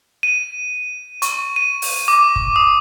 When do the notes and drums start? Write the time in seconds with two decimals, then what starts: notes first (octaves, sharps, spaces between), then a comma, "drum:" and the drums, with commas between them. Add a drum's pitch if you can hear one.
0.23 D#7
1.22 C#6, drum: hi-hat
1.56 D#7
1.82 drum: open hi-hat
2.08 D6
2.36 drum: kick
2.56 D#6